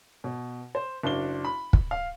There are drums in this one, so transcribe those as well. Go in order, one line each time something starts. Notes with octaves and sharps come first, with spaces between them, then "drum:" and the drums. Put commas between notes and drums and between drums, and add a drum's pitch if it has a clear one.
B2
C5
F#1 D4 F#4 G7
B5
drum: kick
F5